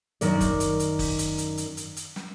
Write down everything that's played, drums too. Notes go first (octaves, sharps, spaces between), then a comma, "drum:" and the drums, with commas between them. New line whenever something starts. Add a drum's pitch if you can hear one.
F#2 D#3 A#4 D5, drum: hi-hat
drum: kick F#1, hi-hat
drum: hi-hat
drum: hi-hat
drum: kick F#1, open hi-hat
drum: hi-hat
drum: hi-hat
drum: hi-hat
drum: hi-hat
drum: hi-hat
drum: snare